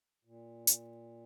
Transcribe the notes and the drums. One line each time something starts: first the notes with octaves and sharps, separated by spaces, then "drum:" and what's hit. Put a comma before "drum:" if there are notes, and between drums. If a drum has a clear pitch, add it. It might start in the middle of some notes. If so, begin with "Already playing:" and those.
A#2
drum: hi-hat